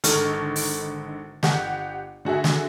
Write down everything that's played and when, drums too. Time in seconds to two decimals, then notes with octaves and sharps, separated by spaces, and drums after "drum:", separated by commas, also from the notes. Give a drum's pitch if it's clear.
0.04 G#1 D3 D#4 A4 C#6 F6, drum: hi-hat
0.56 drum: open hi-hat
1.43 G1 G4 F#5, drum: snare
2.25 D3 F#4 G#4 E5
2.44 drum: snare